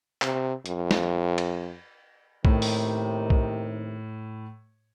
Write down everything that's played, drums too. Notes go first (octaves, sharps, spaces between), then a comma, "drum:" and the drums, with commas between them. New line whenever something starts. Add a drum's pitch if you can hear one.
C3, drum: clap
F2, drum: hi-hat
drum: snare
drum: cymbal
D#2 A2 C3 D#3, drum: kick B1
drum: open hi-hat
drum: kick B1